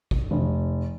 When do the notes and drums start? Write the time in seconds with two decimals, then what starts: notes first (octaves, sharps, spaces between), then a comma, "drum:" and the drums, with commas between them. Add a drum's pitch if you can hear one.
0.11 drum: kick
0.31 F1